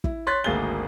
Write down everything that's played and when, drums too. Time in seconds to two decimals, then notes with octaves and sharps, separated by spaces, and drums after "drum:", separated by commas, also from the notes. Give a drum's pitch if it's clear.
0.04 E4, drum: kick
0.27 C#5 C6 F#6 A6 B6
0.44 G#1 D2 A#3 G#4 A6 G7